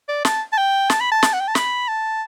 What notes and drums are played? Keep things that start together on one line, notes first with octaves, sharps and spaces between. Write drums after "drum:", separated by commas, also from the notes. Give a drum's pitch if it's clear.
D5
A5, drum: snare
A5
G5
A5, drum: snare
B5
A5
drum: snare
F#5
G5
A5
B5, drum: snare
A5